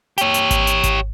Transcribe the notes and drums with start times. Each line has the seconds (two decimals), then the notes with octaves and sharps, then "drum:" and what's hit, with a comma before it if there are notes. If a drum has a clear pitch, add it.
0.18 G4 C#5, drum: hi-hat
0.34 drum: hi-hat
0.51 drum: kick G#1, hi-hat
0.67 drum: hi-hat
0.84 drum: kick G#1, hi-hat